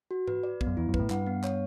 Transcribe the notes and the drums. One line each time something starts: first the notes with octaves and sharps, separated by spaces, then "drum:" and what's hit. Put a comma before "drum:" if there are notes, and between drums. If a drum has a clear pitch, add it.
F#4
B4, drum: tom G#2
D5
B3, drum: kick A#1
F#2
E2 E4
F#2
B4, drum: kick A#1
A2
G2 F#5, drum: clap
B3
C#5, drum: clap